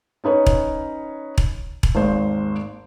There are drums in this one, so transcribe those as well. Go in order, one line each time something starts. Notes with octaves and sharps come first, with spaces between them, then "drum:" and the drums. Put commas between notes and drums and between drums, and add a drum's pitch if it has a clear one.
C#4 D#4 B4 C#5
drum: kick E1
drum: kick E1
drum: kick E1
G#1 D#2 G#2 C5